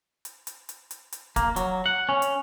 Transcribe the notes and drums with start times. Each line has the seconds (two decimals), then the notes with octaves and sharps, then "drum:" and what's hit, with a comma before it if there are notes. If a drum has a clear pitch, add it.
0.25 drum: hi-hat
0.47 drum: hi-hat
0.69 drum: hi-hat
0.91 drum: hi-hat
1.12 drum: hi-hat
1.36 A#3, drum: kick, hi-hat
1.56 F#3, drum: hi-hat
1.86 F#5
2.09 C#4
2.22 drum: hi-hat